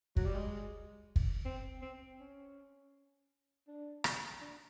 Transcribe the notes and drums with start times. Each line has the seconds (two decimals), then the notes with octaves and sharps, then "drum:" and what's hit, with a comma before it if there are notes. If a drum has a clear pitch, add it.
0.16 F#3, drum: kick
0.25 G3
0.34 G#3
1.16 drum: kick
1.45 C4
1.82 C4
2.20 C#4
3.68 D4
4.04 drum: rim click
4.41 D4